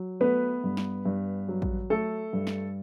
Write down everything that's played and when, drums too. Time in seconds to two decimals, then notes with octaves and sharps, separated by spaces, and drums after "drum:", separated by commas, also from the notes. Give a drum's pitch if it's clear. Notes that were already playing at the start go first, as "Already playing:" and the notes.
Already playing: F#3
0.20 A3 B3 B4
0.64 G2
0.77 drum: snare
1.05 G2
1.48 F#3
1.62 drum: kick
1.90 A3 A4
2.33 G2
2.47 drum: snare